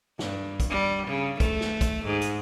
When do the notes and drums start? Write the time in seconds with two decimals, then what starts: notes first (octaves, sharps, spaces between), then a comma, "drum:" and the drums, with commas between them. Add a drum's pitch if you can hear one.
0.19 G2, drum: snare
0.60 drum: kick, hi-hat
0.70 G3
1.07 C#3
1.40 A3, drum: kick, hi-hat
1.61 drum: snare
1.81 drum: kick, hi-hat
2.05 G#2
2.21 drum: hi-hat